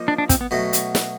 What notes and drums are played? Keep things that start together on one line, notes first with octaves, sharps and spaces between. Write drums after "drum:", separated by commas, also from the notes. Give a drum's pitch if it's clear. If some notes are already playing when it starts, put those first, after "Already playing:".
Already playing: F3 A#3 D#4
D4
D4
C4, drum: kick, hi-hat
B3
B2 F#3 A3
drum: hi-hat
drum: snare